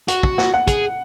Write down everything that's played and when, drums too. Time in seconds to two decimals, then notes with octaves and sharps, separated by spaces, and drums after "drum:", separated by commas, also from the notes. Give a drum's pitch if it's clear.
0.08 F#4 F#5, drum: hi-hat
0.23 drum: kick
0.38 F#5, drum: snare
0.54 F#5
0.68 G#4, drum: kick, hi-hat